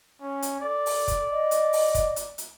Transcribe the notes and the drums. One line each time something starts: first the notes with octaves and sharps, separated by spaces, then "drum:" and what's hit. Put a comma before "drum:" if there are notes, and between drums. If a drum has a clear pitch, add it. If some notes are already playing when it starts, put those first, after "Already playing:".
C#4
drum: hi-hat
A4 D5
drum: open hi-hat
drum: kick, hi-hat
D#5
drum: hi-hat
drum: open hi-hat
drum: kick, hi-hat
drum: hi-hat
drum: hi-hat